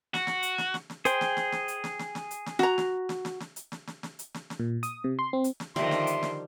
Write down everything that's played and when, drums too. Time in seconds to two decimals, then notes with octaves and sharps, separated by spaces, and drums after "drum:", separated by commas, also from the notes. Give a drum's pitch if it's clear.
0.14 F#4, drum: snare
0.27 drum: snare
0.43 drum: hi-hat
0.58 drum: snare
0.74 drum: snare
0.90 drum: snare
1.05 G#4 C5 G5, drum: hi-hat
1.21 drum: snare
1.37 drum: snare
1.52 drum: snare
1.68 drum: hi-hat
1.84 drum: snare
1.99 drum: snare
2.15 drum: snare
2.31 drum: hi-hat
2.46 drum: snare
2.59 F#4 A#5, drum: snare
2.78 drum: snare
3.09 drum: snare
3.25 drum: snare
3.40 drum: snare
3.56 drum: hi-hat
3.72 drum: snare
3.87 drum: snare
4.03 drum: snare
4.19 drum: hi-hat
4.34 drum: snare
4.50 drum: snare
4.60 A#2
4.83 D#6, drum: hi-hat
5.04 C3
5.19 C6
5.33 C4
5.44 drum: hi-hat
5.60 drum: snare
5.76 D3 D#3 F3 G3 E5 C6, drum: snare
5.91 drum: snare
6.07 drum: hi-hat
6.23 drum: snare